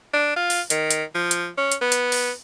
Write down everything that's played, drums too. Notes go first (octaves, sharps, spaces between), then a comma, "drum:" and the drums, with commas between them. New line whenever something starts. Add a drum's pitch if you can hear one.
D4
F4
drum: open hi-hat
D#3, drum: hi-hat
drum: hi-hat
F3
drum: hi-hat
C#4
drum: hi-hat
B3
drum: hi-hat
drum: open hi-hat